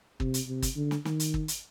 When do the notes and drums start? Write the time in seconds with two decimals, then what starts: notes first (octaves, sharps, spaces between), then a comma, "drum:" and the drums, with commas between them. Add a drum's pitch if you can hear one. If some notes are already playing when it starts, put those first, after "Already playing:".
0.20 C3, drum: kick
0.34 drum: hi-hat
0.48 C3
0.62 drum: kick, hi-hat
0.76 D3
0.91 drum: snare
1.05 D#3, drum: snare
1.20 drum: hi-hat
1.34 drum: kick
1.48 drum: hi-hat